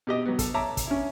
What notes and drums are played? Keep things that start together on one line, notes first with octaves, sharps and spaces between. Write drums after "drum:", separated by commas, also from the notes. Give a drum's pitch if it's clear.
B2 G4 D#5
F#3 B3
A4, drum: kick, hi-hat
C#5 E5 A5 A#5 D6
drum: kick, hi-hat
C#4 E4